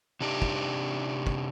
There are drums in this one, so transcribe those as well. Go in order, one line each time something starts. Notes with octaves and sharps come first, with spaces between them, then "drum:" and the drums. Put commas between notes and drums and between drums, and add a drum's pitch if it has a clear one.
C3 D4 D#4 G4
drum: kick
drum: kick